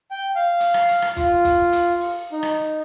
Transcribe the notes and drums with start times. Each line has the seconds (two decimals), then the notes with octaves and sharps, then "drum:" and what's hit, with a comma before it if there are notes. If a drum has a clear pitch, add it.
0.11 G5
0.35 F5
0.60 drum: hi-hat
0.74 drum: rim click
0.88 drum: hi-hat
1.02 drum: rim click
1.16 F4, drum: kick, hi-hat
1.44 drum: kick, hi-hat
1.72 drum: hi-hat
2.01 drum: open hi-hat
2.32 D#4
2.43 drum: rim click